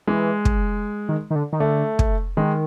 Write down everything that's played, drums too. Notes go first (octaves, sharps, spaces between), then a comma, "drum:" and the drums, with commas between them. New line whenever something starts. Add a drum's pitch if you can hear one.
E3 G#3
drum: kick
D#3
D#3
D3
D#3
D3 A3
drum: kick
D#3 G#3